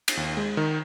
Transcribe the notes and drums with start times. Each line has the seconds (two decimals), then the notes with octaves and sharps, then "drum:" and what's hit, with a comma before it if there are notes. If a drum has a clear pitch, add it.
0.08 drum: cymbal
0.17 D#2
0.37 G#3
0.57 D#3